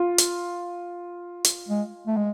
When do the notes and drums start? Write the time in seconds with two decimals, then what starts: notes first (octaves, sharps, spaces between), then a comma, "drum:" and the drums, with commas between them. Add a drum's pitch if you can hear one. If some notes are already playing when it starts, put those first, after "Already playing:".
Already playing: F4
0.18 drum: hi-hat
1.44 drum: hi-hat
1.68 G#3
2.07 A3
2.16 G#3